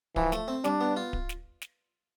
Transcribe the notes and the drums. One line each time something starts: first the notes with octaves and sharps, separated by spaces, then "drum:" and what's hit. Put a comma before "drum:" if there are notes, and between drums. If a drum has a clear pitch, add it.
E3 F3, drum: kick D1
A3, drum: snare
C4
G3 D4, drum: snare
B3
F4
drum: kick D1
drum: snare
drum: snare